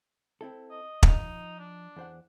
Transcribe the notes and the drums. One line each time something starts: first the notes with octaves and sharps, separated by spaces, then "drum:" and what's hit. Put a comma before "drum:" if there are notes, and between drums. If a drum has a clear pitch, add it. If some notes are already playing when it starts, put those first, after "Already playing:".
C4 E4 A4
D#5
F3 D#4 D#5, drum: kick
D4
E2 C5 F#5